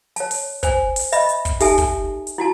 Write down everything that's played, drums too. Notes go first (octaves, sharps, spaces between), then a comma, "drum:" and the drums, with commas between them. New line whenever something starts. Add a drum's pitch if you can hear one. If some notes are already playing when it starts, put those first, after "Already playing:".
C#5 A5, drum: hi-hat
drum: open hi-hat
C5 G#5, drum: kick, hi-hat
drum: open hi-hat
D#5 E5 B5, drum: hi-hat
drum: hi-hat
drum: kick, hi-hat
D#4 G4 A4 E5 G#5 A5, drum: open hi-hat
drum: kick, hi-hat
drum: hi-hat
E4 F#4 A5